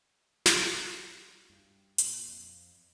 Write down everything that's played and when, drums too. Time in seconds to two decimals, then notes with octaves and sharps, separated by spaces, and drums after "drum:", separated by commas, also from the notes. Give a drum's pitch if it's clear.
0.46 drum: snare
1.50 G2
1.98 A#2, drum: hi-hat
2.29 F2